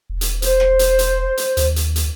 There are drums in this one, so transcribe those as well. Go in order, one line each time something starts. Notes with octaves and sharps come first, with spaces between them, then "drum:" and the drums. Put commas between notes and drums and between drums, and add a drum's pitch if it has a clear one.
E1
drum: hi-hat
C5, drum: hi-hat
drum: rim click
drum: hi-hat
drum: hi-hat
drum: hi-hat
D#2, drum: hi-hat
drum: hi-hat
drum: hi-hat